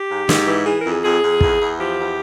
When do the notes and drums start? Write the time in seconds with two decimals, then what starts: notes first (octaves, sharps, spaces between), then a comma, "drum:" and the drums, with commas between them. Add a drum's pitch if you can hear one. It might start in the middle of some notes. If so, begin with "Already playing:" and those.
Already playing: G4
0.11 G#2
0.29 G#2, drum: snare
0.48 E3
0.66 E3 G#4
0.82 F2 A#4
0.91 G#4
1.03 F2 G#4
1.23 F2
1.41 E2, drum: kick
1.60 E2
1.79 F3 G4
1.97 E2